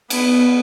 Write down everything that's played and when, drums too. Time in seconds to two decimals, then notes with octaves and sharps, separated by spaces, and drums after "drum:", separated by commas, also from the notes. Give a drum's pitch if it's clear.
0.10 B3, drum: cymbal